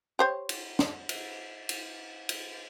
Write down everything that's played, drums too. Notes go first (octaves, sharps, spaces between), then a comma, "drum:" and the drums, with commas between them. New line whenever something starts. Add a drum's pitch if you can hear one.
G4 C5 C#5
drum: cymbal
drum: snare
drum: cymbal
drum: cymbal
drum: cymbal